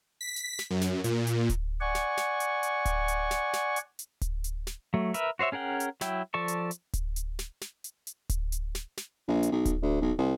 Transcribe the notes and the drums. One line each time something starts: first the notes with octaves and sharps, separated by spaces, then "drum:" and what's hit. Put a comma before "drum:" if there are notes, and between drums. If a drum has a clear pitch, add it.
B6
drum: hi-hat
drum: snare
F#2
drum: snare
A#2, drum: hi-hat
drum: hi-hat
drum: kick D1, hi-hat
D5 F#5 G#5 C#6
drum: snare
drum: snare
drum: hi-hat
drum: hi-hat
drum: kick D1, hi-hat
drum: hi-hat
drum: snare
drum: snare
drum: hi-hat
drum: hi-hat
drum: kick D1, hi-hat
drum: hi-hat
drum: snare
F#3 A3
A#4 B4 E5, drum: hi-hat
F#4 C5 C#5 E5
C#4 G#4 A#4 F#5 G5
drum: hi-hat
F#3 E4 G5, drum: snare
F3 A4 D5 A5 C#6
drum: hi-hat
drum: hi-hat
drum: kick D1, hi-hat
drum: hi-hat
drum: snare
drum: snare
drum: hi-hat
drum: hi-hat
drum: kick D1, hi-hat
drum: hi-hat
drum: snare
drum: snare
A#1
drum: hi-hat
B1
drum: kick D1, hi-hat
D2
B1
C2